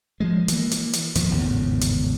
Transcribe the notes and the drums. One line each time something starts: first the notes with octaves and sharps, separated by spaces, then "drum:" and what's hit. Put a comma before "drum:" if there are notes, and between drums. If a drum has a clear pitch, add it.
F3 G3 G#3
E3 A#3, drum: hi-hat
drum: hi-hat
drum: hi-hat
D#2 A#2 F3, drum: hi-hat
G#1 E2 A2 C#3
drum: hi-hat